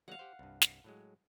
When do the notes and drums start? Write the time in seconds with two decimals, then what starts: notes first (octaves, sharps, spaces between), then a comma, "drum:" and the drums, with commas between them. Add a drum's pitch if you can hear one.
0.08 F#3 G#3 A#3 F5 F#5
0.19 G4 C5
0.39 C2 G2
0.62 drum: snare
0.84 A2 F#3 G#3